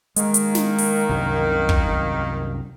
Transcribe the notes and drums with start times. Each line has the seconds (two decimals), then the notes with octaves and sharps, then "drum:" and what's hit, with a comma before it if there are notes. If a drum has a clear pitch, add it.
0.16 D#3 G#3 A#3, drum: hi-hat
0.34 drum: hi-hat
0.55 drum: snare
0.78 drum: open hi-hat
1.09 C2 F#2 C3
1.69 drum: kick